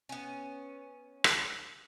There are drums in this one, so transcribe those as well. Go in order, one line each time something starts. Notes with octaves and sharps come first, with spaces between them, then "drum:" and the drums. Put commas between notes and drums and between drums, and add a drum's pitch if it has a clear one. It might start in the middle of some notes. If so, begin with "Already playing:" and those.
B3 C#4
drum: rim click